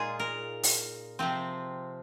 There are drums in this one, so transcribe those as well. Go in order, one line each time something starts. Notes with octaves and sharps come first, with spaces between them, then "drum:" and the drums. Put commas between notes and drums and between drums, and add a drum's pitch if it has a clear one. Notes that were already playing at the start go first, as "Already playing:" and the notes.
Already playing: A#2 G#3 D#4 F4 G#4
A#4
drum: open hi-hat
C3 F3 C4